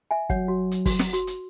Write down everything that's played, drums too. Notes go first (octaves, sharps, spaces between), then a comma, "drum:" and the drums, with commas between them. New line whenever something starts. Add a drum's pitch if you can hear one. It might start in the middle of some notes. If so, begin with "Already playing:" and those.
E5 G#5
F#3 C#5 F#5, drum: kick
F#4
drum: hi-hat
F#4, drum: kick, open hi-hat
drum: snare
F#4, drum: hi-hat
drum: hi-hat